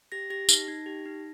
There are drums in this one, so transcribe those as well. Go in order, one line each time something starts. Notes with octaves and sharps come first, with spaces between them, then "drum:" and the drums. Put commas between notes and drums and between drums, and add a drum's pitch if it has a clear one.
G4 A#6
G4 A#6
D#4, drum: tambourine
D#4
G4
D#4